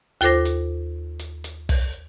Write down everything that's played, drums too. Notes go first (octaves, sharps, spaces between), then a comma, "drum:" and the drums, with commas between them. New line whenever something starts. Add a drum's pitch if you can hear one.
D#2 F4 A4 C5 D6 A#6, drum: hi-hat
drum: hi-hat
drum: hi-hat
drum: hi-hat
drum: kick, open hi-hat